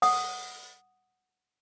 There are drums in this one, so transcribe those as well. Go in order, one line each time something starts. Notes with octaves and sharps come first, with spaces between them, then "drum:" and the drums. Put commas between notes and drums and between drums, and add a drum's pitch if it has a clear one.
F#5 D#6, drum: open hi-hat